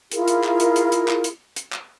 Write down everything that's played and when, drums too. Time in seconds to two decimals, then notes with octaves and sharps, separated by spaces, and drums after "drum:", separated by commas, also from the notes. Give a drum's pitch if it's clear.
0.12 E4 F4 G#4 A#4, drum: hi-hat
0.28 drum: hi-hat
0.44 drum: clap
0.60 drum: hi-hat
0.76 drum: hi-hat
0.92 drum: hi-hat
1.08 drum: clap
1.24 drum: hi-hat
1.56 drum: hi-hat
1.73 drum: clap